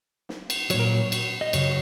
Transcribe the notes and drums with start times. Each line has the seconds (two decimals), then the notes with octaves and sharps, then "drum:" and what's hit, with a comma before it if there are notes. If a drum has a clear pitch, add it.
0.29 drum: snare
0.50 drum: cymbal
0.70 A#2 F#3 C#5, drum: cymbal
0.79 A#4
0.87 C#5
1.12 drum: cymbal
1.41 D#5
1.53 F#2 C#3 F#3 C#5, drum: cymbal